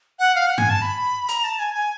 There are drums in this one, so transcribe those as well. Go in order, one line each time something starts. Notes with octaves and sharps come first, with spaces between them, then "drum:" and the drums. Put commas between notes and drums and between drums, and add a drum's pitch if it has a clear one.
F#5
F5
F#5
G#5, drum: tom G2
A5
B5
A#5, drum: hi-hat
A5
G#5
G#5